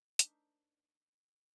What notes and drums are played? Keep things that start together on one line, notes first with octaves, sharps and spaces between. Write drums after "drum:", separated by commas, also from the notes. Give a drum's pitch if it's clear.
A3 D4 D#4 A#4 C5 E5, drum: hi-hat